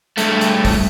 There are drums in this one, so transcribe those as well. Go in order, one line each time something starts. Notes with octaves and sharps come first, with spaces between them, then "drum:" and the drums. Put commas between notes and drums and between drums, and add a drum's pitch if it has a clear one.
G2 A3, drum: hi-hat
drum: hi-hat
drum: kick G#1, open hi-hat